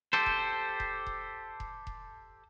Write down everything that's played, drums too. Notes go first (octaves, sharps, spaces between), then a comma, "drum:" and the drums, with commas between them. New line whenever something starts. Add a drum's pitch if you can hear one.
G4 A4 C5
drum: kick E1
drum: kick E1
drum: kick E1
drum: kick E1
drum: kick E1